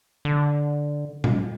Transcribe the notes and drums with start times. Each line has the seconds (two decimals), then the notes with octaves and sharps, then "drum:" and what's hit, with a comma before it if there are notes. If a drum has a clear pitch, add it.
0.25 D3
1.24 drum: tom A#2